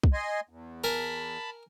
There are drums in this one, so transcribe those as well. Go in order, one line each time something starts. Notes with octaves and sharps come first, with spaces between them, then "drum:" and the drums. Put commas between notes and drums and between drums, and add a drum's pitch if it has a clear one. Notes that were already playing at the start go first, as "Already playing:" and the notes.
drum: kick
D#5 G#5 C6
E2
A#4 G#5 A5 B5